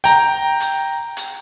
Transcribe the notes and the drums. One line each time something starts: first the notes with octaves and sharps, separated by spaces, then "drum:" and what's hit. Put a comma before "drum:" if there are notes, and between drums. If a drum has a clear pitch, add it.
G5 A#5, drum: hi-hat
drum: hi-hat
drum: hi-hat